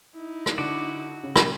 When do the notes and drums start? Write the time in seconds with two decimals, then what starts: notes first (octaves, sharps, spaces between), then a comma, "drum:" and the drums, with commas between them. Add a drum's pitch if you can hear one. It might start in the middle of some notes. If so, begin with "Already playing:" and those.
0.16 D#4 E4
0.46 drum: rim click
0.58 D3 F#4 D6
1.23 C#3
1.36 drum: rim click